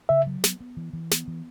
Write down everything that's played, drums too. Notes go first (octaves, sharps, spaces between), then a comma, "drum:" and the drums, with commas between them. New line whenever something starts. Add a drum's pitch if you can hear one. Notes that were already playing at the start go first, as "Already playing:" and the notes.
C#3 E5
F#3
B3, drum: snare
B3
E3
E3
B3, drum: snare
E3